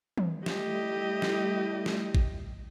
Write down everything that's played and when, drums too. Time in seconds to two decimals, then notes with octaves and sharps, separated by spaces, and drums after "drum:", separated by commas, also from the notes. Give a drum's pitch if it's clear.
0.18 drum: tom
0.46 G3 A3 E4 G4 D#5, drum: snare
1.22 drum: snare
1.86 drum: snare
2.15 drum: kick